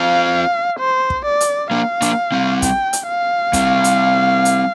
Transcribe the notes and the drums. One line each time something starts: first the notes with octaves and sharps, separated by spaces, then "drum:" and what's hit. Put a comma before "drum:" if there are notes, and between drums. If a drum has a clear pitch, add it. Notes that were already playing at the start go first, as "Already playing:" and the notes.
Already playing: C4 F4 F5
C5
drum: kick
D5
drum: hi-hat
A#3 D4 F5
A#3 D4, drum: hi-hat
G3 C4
G5, drum: kick, hi-hat
drum: hi-hat
F5
G3 C4, drum: kick, hi-hat
drum: hi-hat
drum: hi-hat